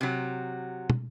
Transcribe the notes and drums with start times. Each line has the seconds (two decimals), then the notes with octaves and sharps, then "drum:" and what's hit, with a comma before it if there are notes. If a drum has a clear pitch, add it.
0.01 C3 F#3
0.90 drum: tom